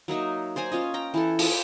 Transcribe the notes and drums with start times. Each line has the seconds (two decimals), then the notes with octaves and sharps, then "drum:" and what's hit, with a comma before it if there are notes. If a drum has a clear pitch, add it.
0.08 F#3 A#3 D#4 E5
0.56 C5 D5 G#5 A#5
0.72 C#4 F4 D#5
0.94 G5 A#5
1.14 E3 E4 A4
1.39 F4 G5 D6, drum: open hi-hat